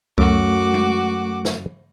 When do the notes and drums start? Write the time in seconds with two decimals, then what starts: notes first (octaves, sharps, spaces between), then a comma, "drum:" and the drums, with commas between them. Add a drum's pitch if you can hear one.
0.18 F#2 A3 F#4 D6, drum: kick C#2
0.74 drum: tom G#3
1.45 drum: snare